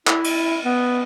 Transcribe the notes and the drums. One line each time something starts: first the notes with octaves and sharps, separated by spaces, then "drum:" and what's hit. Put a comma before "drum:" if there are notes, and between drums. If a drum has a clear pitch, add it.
E4, drum: clap
drum: cymbal
B3